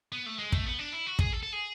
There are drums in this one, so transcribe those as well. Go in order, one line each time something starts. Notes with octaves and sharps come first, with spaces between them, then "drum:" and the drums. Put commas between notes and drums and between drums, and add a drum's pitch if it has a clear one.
B3
A3
G#3
A3, drum: kick
B3
D4
E4
F#4
G#4, drum: kick
A4
A4
G#4